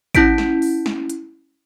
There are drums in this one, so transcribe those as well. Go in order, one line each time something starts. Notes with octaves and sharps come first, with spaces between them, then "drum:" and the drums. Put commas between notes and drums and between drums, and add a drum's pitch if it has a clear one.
C#4 E4 G6 B6 D7, drum: kick A1, hi-hat
drum: snare
drum: open hi-hat
drum: snare
drum: hi-hat